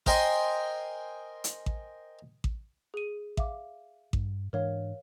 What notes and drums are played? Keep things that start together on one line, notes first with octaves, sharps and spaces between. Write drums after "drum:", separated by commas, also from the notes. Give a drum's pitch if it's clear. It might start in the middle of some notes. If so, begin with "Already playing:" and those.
A#4 C5 D#5 G5 G#5 C6, drum: kick A1
drum: hi-hat
drum: kick A1
drum: kick A1
G#4 D#7
E5 F5 D6, drum: kick A1
G2, drum: kick A1
G#2 E3 D4 A#4 C#5 F5